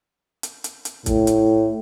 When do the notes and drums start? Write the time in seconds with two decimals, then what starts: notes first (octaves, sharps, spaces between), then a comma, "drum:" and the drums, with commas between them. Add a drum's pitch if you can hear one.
0.43 drum: hi-hat
0.64 drum: hi-hat
0.85 drum: hi-hat
1.06 A2, drum: kick, hi-hat
1.27 drum: hi-hat